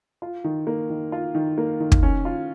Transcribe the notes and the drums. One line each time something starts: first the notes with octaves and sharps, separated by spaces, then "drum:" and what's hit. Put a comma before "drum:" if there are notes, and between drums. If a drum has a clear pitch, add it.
F4
D#3
A#3
D#3
F4
D#3
A#3
D#3
drum: kick
C#4
F4